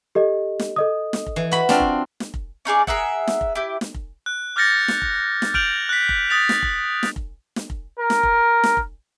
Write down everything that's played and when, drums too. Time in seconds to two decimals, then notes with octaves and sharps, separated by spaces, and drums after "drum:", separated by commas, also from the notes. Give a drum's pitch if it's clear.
0.15 G4 A4 D#5
0.59 drum: snare
0.76 A4 D#5 D#6
1.13 drum: snare
1.26 drum: kick F1
1.36 E3
1.52 F#4 B5
1.69 C4 D4 F4, drum: snare
1.80 drum: kick F1
2.20 drum: snare
2.34 drum: kick F1
2.65 C#4 D#4 G#4 D5
2.87 G#4 A#4 E5 F#5, drum: kick F1
3.27 drum: snare
3.41 drum: kick F1
3.55 E4 G4
3.81 drum: snare
3.94 drum: kick F1
4.26 F#6
4.56 D6 F6 G6 A6 A#6 C#7
4.88 drum: snare
5.02 drum: kick F1
5.42 drum: snare
5.54 F6 G6 D7 F7 F#7, drum: kick F1
5.89 F#6 B6
6.09 drum: kick F1
6.30 D#6 F#6 A6 B6 F7
6.49 drum: snare
6.62 drum: kick F1
7.03 drum: snare
7.16 drum: kick F1
7.56 drum: snare
7.70 drum: kick F1
8.00 A#4
8.10 drum: snare
8.23 drum: kick F1
8.64 drum: snare
8.77 drum: kick F1